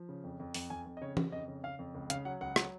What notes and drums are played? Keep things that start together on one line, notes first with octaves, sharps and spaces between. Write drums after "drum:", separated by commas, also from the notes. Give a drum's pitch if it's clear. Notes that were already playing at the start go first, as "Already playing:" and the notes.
Already playing: F3
C#3
F2
F2
F2, drum: open hi-hat
F2 G#5
F2
D#5
C#3 C#5
C#3, drum: tom
F2 D#5
C#3
C#3 F5
F2
C#2
C#3 F5, drum: hi-hat
F#3 F#5
C#2 F#5
F#3, drum: rim click